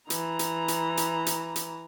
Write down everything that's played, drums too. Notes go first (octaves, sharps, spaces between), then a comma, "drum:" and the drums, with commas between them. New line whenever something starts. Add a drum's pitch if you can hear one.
E3 A#5, drum: hi-hat
drum: hi-hat
drum: hi-hat
drum: hi-hat
drum: hi-hat
drum: hi-hat